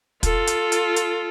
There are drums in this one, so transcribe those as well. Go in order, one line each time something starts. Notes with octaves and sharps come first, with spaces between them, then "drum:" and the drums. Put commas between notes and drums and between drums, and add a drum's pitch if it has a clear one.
F4 A4, drum: kick, hi-hat
drum: hi-hat
drum: hi-hat
drum: hi-hat